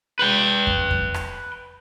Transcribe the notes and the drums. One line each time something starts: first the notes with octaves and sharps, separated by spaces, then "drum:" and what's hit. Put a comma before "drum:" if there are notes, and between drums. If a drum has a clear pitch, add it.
B4 G5
drum: kick F2
drum: kick F2
drum: rim click